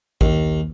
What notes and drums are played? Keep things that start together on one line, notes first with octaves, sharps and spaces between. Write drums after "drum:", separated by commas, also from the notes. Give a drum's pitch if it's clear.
D#2, drum: kick